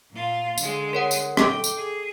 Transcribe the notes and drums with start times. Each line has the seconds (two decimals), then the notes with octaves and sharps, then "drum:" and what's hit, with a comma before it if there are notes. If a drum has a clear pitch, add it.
0.11 A#2 F4
0.58 D3 G#3, drum: tambourine
0.93 A#4 C#5 F#5
1.11 drum: tambourine
1.37 A4 G5 D6, drum: rim click
1.64 drum: tambourine
1.77 G#4